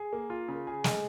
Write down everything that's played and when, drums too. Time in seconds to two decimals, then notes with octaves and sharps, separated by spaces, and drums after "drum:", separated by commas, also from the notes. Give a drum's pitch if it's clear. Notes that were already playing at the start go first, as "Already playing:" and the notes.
Already playing: G#4
0.13 A#3
0.30 F4
0.48 C#3
0.67 G#4
0.84 G#3, drum: snare